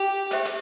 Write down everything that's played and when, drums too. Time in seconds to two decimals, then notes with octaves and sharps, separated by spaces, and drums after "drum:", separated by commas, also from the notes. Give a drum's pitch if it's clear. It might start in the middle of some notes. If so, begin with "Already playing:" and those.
Already playing: G4
0.31 G4 C5 E5 G5, drum: hi-hat
0.45 drum: hi-hat